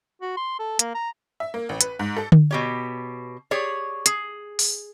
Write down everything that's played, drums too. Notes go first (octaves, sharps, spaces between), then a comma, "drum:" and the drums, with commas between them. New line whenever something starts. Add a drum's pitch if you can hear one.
F#4
C6
A4
A#3, drum: hi-hat
A#5
E5
A#3
A1
B4, drum: hi-hat
G#2
A4
drum: tom D3
B2 G4 C#5
G4 G#4 C#5 D5
G#4, drum: hi-hat
drum: open hi-hat